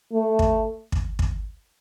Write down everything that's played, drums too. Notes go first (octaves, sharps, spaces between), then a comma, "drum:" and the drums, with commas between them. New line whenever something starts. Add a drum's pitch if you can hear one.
A3
drum: kick
drum: kick
drum: kick